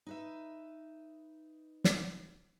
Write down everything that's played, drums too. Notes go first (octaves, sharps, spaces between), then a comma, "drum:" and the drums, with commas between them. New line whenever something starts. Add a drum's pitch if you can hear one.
D#4 B4 E5
drum: snare